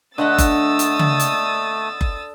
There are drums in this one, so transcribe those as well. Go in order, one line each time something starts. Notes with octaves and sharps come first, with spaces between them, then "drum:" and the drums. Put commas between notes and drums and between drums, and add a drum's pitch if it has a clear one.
D3 A3 B4 D#5 F#5 D#6 E6 A6
drum: kick F#1, hi-hat
drum: hi-hat
drum: tom C#3
drum: hi-hat
drum: kick F#1